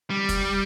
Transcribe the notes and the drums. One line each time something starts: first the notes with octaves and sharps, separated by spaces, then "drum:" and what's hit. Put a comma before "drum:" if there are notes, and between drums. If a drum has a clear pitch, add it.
G3
drum: kick, hi-hat